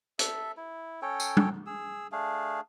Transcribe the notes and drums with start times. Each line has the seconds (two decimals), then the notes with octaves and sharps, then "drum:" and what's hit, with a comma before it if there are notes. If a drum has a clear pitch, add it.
0.19 A4 E5, drum: hi-hat
0.57 E4
1.02 C#4 A4 C#5 G5
1.20 drum: tambourine
1.37 drum: tom
1.66 G#4 E6
2.12 A3 D4 G#4 F5